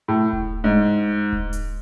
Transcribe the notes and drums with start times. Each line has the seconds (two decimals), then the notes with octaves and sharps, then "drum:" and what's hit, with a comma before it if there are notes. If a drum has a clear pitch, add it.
0.08 A2
0.33 drum: kick D#1
0.64 G#2
1.32 drum: kick D#1
1.53 drum: hi-hat